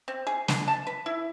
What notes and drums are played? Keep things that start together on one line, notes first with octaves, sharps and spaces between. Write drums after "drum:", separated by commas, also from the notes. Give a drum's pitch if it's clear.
C4
G#4
D4, drum: snare
A5
B4
E4